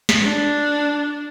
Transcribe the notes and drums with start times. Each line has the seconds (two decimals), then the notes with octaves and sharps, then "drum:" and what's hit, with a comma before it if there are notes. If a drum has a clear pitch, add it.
0.09 drum: snare
0.23 D4